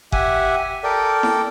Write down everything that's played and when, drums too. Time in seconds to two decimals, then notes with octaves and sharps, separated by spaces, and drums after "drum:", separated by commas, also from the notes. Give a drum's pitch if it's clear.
0.12 G4 E5 F#5 G#5, drum: kick F#1
0.84 A4 A#4 D5 G5
1.23 drum: snare E4